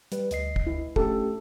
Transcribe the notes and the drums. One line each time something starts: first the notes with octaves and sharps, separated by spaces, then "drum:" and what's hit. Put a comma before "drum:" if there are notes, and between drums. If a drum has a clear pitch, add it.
G3 B4, drum: hi-hat
D2 D#5 C7, drum: hi-hat
drum: kick
E4
A3 C#4 G4 A4, drum: kick